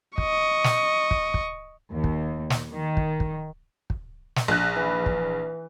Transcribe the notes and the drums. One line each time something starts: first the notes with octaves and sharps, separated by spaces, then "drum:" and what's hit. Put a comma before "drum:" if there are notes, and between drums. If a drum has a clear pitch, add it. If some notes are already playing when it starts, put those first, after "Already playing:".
D#5 C#6, drum: kick
drum: snare
drum: kick
drum: kick
D#2
drum: kick
drum: snare
D#3
drum: kick
drum: kick
drum: kick
drum: snare
A#1 F#6
E3
drum: kick